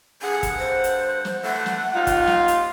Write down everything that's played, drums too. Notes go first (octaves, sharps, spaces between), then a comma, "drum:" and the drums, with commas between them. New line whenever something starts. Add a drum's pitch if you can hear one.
G2 D3 G#4 F#5
drum: kick, hi-hat
C5
drum: hi-hat
drum: snare
D3 E3 A3 F#5
drum: snare
D#2 D#4 F4
drum: kick, hi-hat
drum: snare
drum: hi-hat